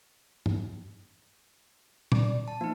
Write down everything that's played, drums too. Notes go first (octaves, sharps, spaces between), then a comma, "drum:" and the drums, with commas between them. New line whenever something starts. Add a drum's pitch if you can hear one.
drum: tom
D5, drum: tom
A5
F3 A#3 D#4